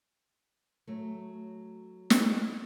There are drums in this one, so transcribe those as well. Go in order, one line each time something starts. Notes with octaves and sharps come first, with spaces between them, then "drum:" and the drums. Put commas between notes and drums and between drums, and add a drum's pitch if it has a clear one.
F#3 A3
drum: snare